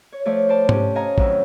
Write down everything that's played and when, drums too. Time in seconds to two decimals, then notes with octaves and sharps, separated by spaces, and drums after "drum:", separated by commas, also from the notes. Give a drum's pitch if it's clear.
0.12 C#5
0.25 F3 A3 C#5 D5
0.49 C5 D5 A5
0.69 C3 C#4 G4, drum: tom G#2
0.95 C#5 D#5 F5 G#5 A#5
1.18 F2 A2 D#3 F#3 D#4 E4, drum: kick A#1